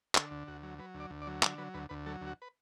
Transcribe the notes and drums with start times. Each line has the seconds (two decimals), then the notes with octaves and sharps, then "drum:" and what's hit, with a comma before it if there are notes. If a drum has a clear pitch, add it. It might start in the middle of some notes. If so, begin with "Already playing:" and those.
0.15 D3 A4, drum: clap
0.31 D2
0.48 D2 F#4
0.63 F#3
0.79 F#3 B4
0.94 D2
1.00 D5
1.10 D2
1.22 D5
1.27 F#3
1.43 D3 D5, drum: clap
1.58 F#3 B4
1.74 D2 B4
1.89 D2 B4
2.06 F#3 A4
2.21 D2
2.27 F#4
2.42 B4